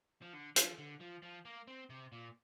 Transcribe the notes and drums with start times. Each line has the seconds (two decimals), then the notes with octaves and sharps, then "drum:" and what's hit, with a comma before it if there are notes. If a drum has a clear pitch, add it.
0.22 F3
0.34 D3
0.56 F3, drum: hi-hat
0.79 D3
1.01 F3
1.23 F3
1.45 A#3
1.67 C4
1.90 C3
2.12 A#2